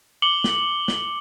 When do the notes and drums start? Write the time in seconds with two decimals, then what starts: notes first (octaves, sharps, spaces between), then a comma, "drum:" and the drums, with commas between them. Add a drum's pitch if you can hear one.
0.22 D6 C#7 F#7 G7
0.44 drum: snare
0.88 drum: snare